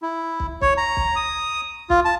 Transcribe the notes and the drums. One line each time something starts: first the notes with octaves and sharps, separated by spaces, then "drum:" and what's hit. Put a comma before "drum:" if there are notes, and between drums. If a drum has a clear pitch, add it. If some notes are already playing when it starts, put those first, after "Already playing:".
E4
drum: kick
C#5, drum: kick
A#5
drum: kick
D#6
F4, drum: kick
A5